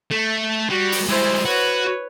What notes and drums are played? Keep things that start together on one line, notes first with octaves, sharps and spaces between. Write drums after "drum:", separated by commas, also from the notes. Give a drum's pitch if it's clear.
A3
G3 F#4
drum: open hi-hat
G3 G#3 E4 C5
F#4 B4 C#5